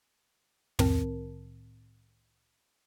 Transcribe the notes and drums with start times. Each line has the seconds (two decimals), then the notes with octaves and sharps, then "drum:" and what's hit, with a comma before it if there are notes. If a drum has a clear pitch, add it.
0.79 C2 A2 D#3 C4 A#4 A5, drum: tom